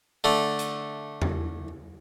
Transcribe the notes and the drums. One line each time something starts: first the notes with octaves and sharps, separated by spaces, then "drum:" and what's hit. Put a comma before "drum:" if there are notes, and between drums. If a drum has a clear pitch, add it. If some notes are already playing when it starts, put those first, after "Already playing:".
D3 A3
drum: hi-hat
drum: tom E2